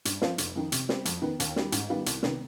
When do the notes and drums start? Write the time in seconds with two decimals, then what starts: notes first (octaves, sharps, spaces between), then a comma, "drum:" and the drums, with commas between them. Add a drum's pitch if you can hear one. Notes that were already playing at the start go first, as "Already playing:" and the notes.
0.05 G2, drum: hi-hat
0.22 F3 C4 F4 C5, drum: snare
0.38 F1, drum: hi-hat
0.56 F2 D#3
0.72 C3, drum: hi-hat
0.89 G3 C4 G4, drum: snare
1.05 F2, drum: hi-hat
1.22 D#3 B3
1.40 D#2, drum: hi-hat
1.56 D#3 G3, drum: snare
1.72 G#2, drum: hi-hat
1.89 D#3 G3 B3 F4
2.06 C2, drum: hi-hat
2.23 C3 D#3 B3, drum: snare